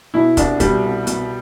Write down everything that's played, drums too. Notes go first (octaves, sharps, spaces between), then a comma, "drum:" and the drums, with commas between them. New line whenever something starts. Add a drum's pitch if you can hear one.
B2 E4
C2 D4, drum: kick, hi-hat
B2 G3, drum: kick, hi-hat
C2
B2, drum: hi-hat